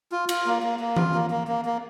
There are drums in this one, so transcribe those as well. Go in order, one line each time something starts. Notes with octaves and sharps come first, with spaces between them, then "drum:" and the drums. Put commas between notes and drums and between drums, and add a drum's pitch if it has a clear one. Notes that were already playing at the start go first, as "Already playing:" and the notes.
F4
F4, drum: cymbal
A#3
A#3
A#3
F4, drum: tom E3
A#3
A#3
A#3
A#3